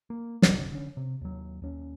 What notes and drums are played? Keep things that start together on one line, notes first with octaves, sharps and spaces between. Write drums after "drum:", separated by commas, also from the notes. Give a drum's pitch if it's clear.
A#3
F#1 C2 D3, drum: snare
D3 C#4
C3
D#2 F#3
D#2 C#4